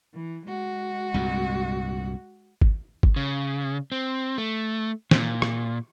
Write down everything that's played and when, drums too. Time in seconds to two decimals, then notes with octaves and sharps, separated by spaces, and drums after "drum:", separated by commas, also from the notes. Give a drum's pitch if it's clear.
0.14 E3
0.46 G#3 F#4
1.14 C2 G2 A#2
2.61 drum: kick G#1
3.03 drum: kick G#1
3.16 C#3
3.92 C4
4.38 A3
5.11 A#2, drum: snare
5.42 drum: rim click